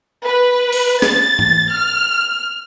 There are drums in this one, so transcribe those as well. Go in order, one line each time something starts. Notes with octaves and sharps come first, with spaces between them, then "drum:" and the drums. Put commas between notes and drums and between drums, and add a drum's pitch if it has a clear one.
B4
drum: open hi-hat
A6, drum: snare
drum: tom
F6